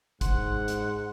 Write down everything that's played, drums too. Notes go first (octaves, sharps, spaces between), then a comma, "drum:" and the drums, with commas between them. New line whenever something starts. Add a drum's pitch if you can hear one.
G#2 F#5 C6, drum: kick, hi-hat
drum: hi-hat